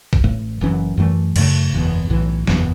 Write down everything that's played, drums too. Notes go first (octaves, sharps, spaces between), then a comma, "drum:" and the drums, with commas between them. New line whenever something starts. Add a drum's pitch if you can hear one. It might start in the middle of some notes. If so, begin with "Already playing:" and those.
drum: kick A1
A1 A2 A3
F#1 F#2 E3 C#4
F#2 E3 A3
F#2 C#3 A3, drum: cymbal
F#1 E2 B2
B1 A2 E3
F#1 E2 B2, drum: snare